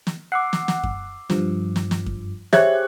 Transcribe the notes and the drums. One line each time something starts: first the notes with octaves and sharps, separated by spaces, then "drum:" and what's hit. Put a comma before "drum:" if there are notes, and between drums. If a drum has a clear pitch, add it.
drum: snare
F#5 D6 E6 C7
drum: snare
drum: snare
drum: kick F#2
G2 F3, drum: snare
drum: snare
drum: snare
drum: kick F#2
G4 G#4 C5 C#5 E5 F#6 G#6, drum: snare